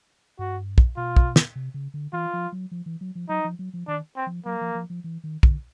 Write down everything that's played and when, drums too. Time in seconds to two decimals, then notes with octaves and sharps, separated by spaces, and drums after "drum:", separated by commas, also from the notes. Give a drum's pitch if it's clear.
0.39 G2 F#4
0.78 drum: kick
0.97 B2 F4
1.16 drum: kick
1.36 drum: snare
1.56 C3
1.74 C#3
1.94 D3
2.13 E3 F4
2.33 F3
2.52 F#3
2.71 F3
2.86 E3
3.01 F#3
3.15 F3
3.29 F#3 D#4
3.44 F3
3.59 F#3
3.74 F3
3.88 D#3 D4
4.16 C4
4.27 F3
4.46 F#3 A#3
4.61 F3
4.75 F3
4.90 F3
5.04 E3
5.24 D#3
5.43 D3, drum: kick